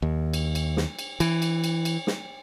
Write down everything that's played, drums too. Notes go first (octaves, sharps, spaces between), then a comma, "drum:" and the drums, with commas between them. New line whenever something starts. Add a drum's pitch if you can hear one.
D#2
drum: cymbal
drum: cymbal
drum: snare
drum: cymbal
E3, drum: cymbal
drum: cymbal
drum: cymbal
drum: cymbal
drum: snare